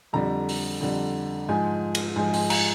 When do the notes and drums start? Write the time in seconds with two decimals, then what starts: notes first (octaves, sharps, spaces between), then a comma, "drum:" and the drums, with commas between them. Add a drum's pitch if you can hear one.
0.13 F2 D3 G3 A#5
0.49 drum: open hi-hat
0.80 F2 D3 G3
1.49 G#2 F3 G#3 G#5
1.95 drum: cymbal
2.16 G#2 F3 G#3 G#5
2.34 G#5, drum: open hi-hat
2.50 A#5, drum: cymbal